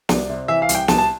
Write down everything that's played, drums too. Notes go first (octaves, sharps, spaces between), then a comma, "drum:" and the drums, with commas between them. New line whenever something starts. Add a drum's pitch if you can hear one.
C2 D5, drum: snare
C3
E3 E5
F5
C2, drum: hi-hat
G5
C2 A5, drum: snare
A5